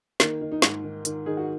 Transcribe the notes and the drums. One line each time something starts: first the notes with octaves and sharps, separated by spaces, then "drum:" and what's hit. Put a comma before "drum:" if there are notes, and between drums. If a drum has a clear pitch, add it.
D#3 A#3, drum: snare
D#3
D#4
G#2, drum: snare
D#3
D#3, drum: hi-hat
D#3 G#4
F#4